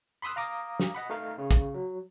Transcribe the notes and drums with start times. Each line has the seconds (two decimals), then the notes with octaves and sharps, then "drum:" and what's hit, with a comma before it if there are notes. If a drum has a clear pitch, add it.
0.22 B5 C6 D#6 E6 F#6
0.36 F5 A#5 D6 D#6
0.80 drum: snare
0.95 D#5 F#5 B5
1.10 A3 D#4 A#4 F5
1.38 C#3
1.51 drum: kick
1.74 F#3